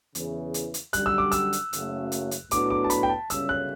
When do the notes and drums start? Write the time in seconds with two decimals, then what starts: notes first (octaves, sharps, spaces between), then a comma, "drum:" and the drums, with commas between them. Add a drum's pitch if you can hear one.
0.15 E2 C#3 E3, drum: hi-hat
0.54 drum: hi-hat
0.74 drum: hi-hat
0.93 F#2 D3 G3 F#6, drum: hi-hat
1.06 E6
1.18 D6
1.32 E6, drum: hi-hat
1.53 drum: hi-hat
1.73 F#1 F#2 C#3 F#3 A3, drum: hi-hat
2.12 drum: hi-hat
2.31 drum: hi-hat
2.51 A2 F#3 B3 D4 F#4 D6, drum: hi-hat
2.70 D6
2.84 A5
2.90 B5, drum: hi-hat
3.03 G5
3.09 A5
3.30 G1 F#2 C#3 G3 C#4 E6, drum: hi-hat
3.49 F#6